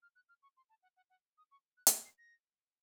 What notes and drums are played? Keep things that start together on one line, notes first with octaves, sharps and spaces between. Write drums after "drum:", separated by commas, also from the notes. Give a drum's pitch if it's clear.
F6
F#6
F6
C#6
C6
A5
F#5
F#5
F#5
D#6
C#6
F#6
drum: hi-hat
C7
A#6